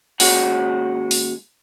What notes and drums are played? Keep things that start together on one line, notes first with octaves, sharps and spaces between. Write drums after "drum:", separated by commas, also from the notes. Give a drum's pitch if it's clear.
D#2 G#2 G#3 C#4 F#4 F#5, drum: open hi-hat
drum: open hi-hat